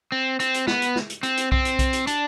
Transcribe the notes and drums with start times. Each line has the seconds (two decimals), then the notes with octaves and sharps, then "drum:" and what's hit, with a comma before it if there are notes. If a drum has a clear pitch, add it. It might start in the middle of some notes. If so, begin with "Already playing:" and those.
0.12 C4
0.40 C4, drum: hi-hat
0.54 drum: hi-hat
0.67 B3, drum: snare
0.82 drum: hi-hat
0.96 drum: snare
1.10 drum: hi-hat
1.23 C4, drum: hi-hat
1.37 drum: hi-hat
1.52 C4, drum: kick B1
1.65 drum: hi-hat
1.79 drum: kick B1, hi-hat
1.93 drum: hi-hat
2.07 D4, drum: hi-hat